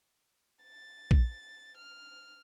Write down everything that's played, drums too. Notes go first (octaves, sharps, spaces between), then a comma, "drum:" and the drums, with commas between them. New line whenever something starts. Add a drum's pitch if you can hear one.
A6
drum: kick A#1
F6